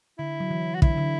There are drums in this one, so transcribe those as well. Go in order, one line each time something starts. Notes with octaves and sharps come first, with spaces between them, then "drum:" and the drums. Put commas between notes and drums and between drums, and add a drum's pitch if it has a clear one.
D3 E4
F#3
E3
F#4
D3 E4, drum: kick
D3